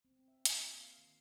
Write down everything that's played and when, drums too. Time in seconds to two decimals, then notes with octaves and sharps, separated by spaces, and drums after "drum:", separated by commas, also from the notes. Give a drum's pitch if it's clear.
0.05 C4
0.28 E5
0.45 F4, drum: hi-hat
0.59 A#3
0.78 F5
0.98 D#3